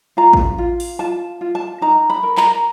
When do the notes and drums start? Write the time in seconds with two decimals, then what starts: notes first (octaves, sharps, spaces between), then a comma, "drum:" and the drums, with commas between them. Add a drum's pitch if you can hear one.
0.17 F4 A#5
0.33 drum: kick
0.58 F4
0.80 drum: open hi-hat
0.99 F4 A5
1.41 F4
1.55 A5
1.82 D#4 A#5
2.10 B5
2.23 A#4
2.37 A#5, drum: clap